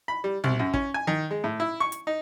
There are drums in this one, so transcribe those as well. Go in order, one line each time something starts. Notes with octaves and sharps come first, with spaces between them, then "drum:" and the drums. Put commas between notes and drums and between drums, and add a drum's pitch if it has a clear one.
B5
G3
C2, drum: tom
F#2
C#4, drum: kick
G#5
D#3
G#3
A2
E4
C#6
drum: hi-hat
D#4